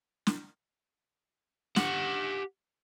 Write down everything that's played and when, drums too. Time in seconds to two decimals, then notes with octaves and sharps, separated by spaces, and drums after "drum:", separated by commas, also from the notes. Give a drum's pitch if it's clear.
0.27 drum: snare
1.76 G4 F#5, drum: snare